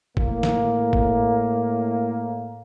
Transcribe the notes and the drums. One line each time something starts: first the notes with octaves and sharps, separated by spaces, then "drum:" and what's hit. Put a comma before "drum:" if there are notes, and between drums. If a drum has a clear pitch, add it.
A2 A#3, drum: kick F#1
drum: snare
drum: kick F#1